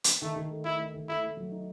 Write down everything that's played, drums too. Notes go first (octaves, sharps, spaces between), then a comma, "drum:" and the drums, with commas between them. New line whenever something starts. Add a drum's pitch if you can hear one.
drum: hi-hat
D#3 A3
D#3
A3
A3 E4
A3
D#3
A3 E4
A3
F#3
D#4